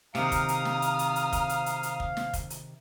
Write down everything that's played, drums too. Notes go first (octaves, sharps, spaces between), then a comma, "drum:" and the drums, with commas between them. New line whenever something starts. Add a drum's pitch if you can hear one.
C3 D#3 F5 A#5 D#6 F6, drum: snare
drum: kick, hi-hat
drum: hi-hat
drum: snare
drum: hi-hat
drum: hi-hat
drum: hi-hat
drum: kick, hi-hat
drum: hi-hat
drum: hi-hat
drum: hi-hat
drum: kick
drum: snare
drum: kick, hi-hat
drum: hi-hat